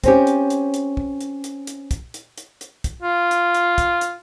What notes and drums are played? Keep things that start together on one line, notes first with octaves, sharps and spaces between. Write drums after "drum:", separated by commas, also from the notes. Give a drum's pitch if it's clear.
C4 C#4 G4, drum: kick, hi-hat
drum: hi-hat
drum: hi-hat
drum: hi-hat
drum: kick
drum: hi-hat
drum: hi-hat
drum: hi-hat
drum: kick, hi-hat
drum: hi-hat
drum: hi-hat
drum: hi-hat
drum: kick, hi-hat
F4
drum: hi-hat
drum: hi-hat
drum: kick, hi-hat
drum: hi-hat